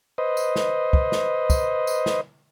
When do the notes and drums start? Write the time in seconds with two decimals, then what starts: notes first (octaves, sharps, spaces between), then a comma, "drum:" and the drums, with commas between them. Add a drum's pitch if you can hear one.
0.18 B4 C5 D#5
0.37 drum: tambourine
0.56 drum: snare
0.93 drum: kick
1.12 drum: snare
1.50 drum: kick, tambourine
1.87 drum: tambourine
2.06 drum: snare